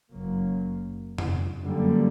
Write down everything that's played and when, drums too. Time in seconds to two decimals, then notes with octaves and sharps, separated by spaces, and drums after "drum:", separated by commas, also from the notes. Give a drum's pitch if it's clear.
0.12 F#1 F#2 F#3 A#3
1.18 drum: tom F2
1.63 F#2 D3 G3 A#3